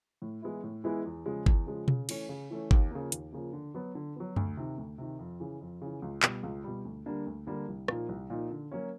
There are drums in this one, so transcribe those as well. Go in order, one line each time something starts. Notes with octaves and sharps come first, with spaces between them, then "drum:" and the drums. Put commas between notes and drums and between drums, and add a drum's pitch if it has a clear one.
A2
E3 G#3 B3 E4
A2
E3 G#3 B3 E4
E2
C#3 F3 G#3
E2, drum: kick G1
C#3 F3 G#3
C#3, drum: tom B2
E3 A3 C#4, drum: cymbal
C#3
E3 A3 C#4
D#2, drum: kick G1
C#3 F3 A#3
D#2, drum: hi-hat
C#3 F3 A#3
D3
F#3 B3
D3
F#3 B3
D2, drum: tom F#2
C3 D#3
D2
C3 D#3
F2
C#3 E3
F2
C#3 E3
C#2
B2 G3, drum: clap
C#2
B2 G3
D2
D3 G3 A#3 D4
D2
D3 G3 A#3 D4
C2
A#2 F3 A#3 D#4, drum: rim click
C2
A#2 F3 A#3 D#4
D3
F#3 A#3 C#4